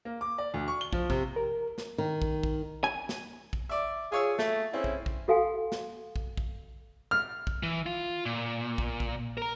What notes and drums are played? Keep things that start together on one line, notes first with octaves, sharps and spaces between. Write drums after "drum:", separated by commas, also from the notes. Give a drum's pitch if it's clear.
A#3
D6
D5
D2
C#6
G7
F3, drum: kick
C3, drum: kick
A#4
drum: snare
D#3
drum: kick
drum: kick
G#5
drum: snare
drum: kick
D5 E5
F4 G#4 C#5 E6
A3, drum: snare
C4 C#4 E4 G#4
drum: kick
drum: kick
F#4 A4 F5 F#5 G#5
drum: snare
drum: kick
drum: kick
F6
drum: kick
E3
F4
A#2
drum: kick
drum: kick
A#4 A#5